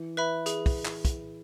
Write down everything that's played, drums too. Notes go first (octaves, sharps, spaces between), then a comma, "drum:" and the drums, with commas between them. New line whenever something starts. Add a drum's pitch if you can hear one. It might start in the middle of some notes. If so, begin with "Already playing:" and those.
Already playing: E3
B4 E5 B5
G#4, drum: hi-hat
drum: kick, open hi-hat
drum: clap
drum: kick, hi-hat